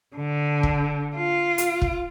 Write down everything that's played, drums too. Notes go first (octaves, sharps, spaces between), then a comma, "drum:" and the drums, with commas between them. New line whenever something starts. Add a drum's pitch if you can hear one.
D3
drum: kick
F4
drum: hi-hat
drum: kick